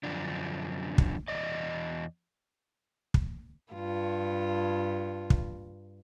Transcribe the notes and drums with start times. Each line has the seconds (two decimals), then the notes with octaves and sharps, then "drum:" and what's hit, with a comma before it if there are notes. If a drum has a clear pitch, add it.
0.04 F#2 D3 F3 D4
0.98 drum: kick
1.28 E2 D5 D#5
3.14 drum: kick
3.73 G2 F4
5.30 drum: kick